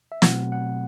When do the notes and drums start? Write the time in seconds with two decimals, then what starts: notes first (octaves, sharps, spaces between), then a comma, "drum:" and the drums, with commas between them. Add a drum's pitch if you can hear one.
0.12 E5
0.22 B2 F#3 A3 C4 F#5, drum: snare
0.52 F#5